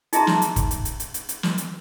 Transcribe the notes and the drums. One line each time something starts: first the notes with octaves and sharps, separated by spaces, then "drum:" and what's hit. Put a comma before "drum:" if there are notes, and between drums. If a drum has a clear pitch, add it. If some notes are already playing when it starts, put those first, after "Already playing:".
D#4 G#4 E5 A5 A#5 C6, drum: hi-hat
drum: snare
drum: hi-hat
drum: kick, hi-hat
drum: hi-hat
drum: hi-hat
drum: hi-hat
drum: hi-hat
drum: hi-hat
drum: snare
drum: hi-hat